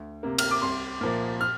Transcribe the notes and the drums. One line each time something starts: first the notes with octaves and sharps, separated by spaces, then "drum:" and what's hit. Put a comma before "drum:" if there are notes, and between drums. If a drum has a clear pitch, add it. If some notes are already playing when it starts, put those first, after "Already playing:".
Already playing: D2
C3 A#3
F6, drum: cymbal
D6
C2 C6
A#2 F3 A#3
F6